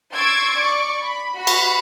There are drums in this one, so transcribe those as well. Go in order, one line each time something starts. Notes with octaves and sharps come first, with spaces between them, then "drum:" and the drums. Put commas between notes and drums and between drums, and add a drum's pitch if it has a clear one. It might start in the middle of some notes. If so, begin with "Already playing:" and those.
C6 C#6 E6 G#6 A6 D7
D5 C#6 D6
B5
F#4 B5
drum: cymbal